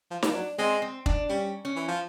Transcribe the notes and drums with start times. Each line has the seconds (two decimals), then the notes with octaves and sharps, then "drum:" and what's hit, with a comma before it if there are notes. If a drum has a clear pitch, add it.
0.11 F3
0.23 F3 D4, drum: snare
0.34 F#3
0.58 G#3 C4
0.82 C4
1.06 D4, drum: kick
1.29 G3 C#4
1.65 C#4
1.76 E3
1.88 F3